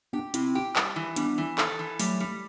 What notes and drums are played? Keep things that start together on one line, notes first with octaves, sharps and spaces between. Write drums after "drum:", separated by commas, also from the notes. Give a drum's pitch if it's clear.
B3 D4 G4
C3 C4 E4, drum: hi-hat
G4
G3, drum: clap
E3
G3 B3 D4, drum: hi-hat
E3
A4, drum: clap
E3
F#3 G3 A3, drum: open hi-hat
G3